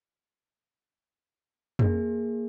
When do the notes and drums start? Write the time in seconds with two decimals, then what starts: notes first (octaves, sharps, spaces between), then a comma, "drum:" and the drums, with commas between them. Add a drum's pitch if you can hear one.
1.79 A#3 G#4, drum: tom